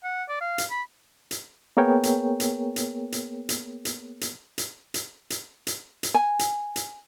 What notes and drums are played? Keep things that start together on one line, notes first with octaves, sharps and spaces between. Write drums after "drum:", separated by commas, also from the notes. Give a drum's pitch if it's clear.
F#5
D5
F5
drum: hi-hat
B5
drum: hi-hat
A#3 B3 G#4 A#4 C#5 G5
drum: hi-hat
drum: hi-hat
drum: hi-hat
drum: hi-hat
drum: hi-hat
drum: hi-hat
drum: hi-hat
drum: hi-hat
drum: hi-hat
drum: hi-hat
drum: hi-hat
drum: hi-hat
G#5
drum: hi-hat
drum: hi-hat